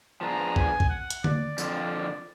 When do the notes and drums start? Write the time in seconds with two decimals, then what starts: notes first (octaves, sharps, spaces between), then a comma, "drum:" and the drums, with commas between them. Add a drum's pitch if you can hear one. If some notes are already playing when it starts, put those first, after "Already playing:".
0.21 F3 B3 D4 G#4 A#5
0.56 G#5, drum: kick A#1
0.80 drum: kick A#1
0.89 F#5
1.10 drum: hi-hat
1.24 D5, drum: tom D3
1.58 F2 D3 F3, drum: tambourine